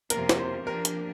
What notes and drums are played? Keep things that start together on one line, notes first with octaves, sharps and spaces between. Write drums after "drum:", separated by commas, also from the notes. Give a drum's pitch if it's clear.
F2 C3 A#3 F4 A#4, drum: hi-hat
drum: snare
C5
F3 A#3 D4 G4 A#4
drum: hi-hat